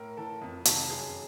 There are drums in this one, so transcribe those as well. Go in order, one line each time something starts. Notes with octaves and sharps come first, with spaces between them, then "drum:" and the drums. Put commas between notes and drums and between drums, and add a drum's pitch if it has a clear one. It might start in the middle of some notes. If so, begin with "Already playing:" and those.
Already playing: A2 A#4
E3 A4
F2
C3 D#3 A4, drum: hi-hat
F#2 G#4